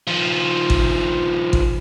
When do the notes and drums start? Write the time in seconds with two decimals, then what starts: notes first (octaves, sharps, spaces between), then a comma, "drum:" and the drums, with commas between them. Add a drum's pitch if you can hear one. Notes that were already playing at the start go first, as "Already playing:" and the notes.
0.07 D#3 F3
0.70 drum: kick G#1
1.53 drum: kick G#1